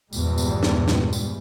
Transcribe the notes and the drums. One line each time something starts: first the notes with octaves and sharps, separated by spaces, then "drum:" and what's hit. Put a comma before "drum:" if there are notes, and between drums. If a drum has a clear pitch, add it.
E2 G2 A#2 F3 G3 G#3, drum: tambourine
drum: tambourine
drum: snare
drum: snare
drum: tambourine